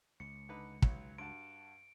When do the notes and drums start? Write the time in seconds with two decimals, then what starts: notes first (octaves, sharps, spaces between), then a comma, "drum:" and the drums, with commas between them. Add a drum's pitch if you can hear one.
0.20 C#2 C#7
0.49 D3 D#4 B4
0.82 B1 F#3, drum: kick
1.18 G2 F#4 A5 D7